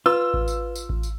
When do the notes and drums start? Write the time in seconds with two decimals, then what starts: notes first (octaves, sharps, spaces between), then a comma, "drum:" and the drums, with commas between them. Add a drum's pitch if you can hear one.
0.06 F4 B4 E6
0.34 drum: kick A1
0.48 drum: tambourine
0.75 drum: tambourine
0.89 drum: kick A1
1.03 drum: tambourine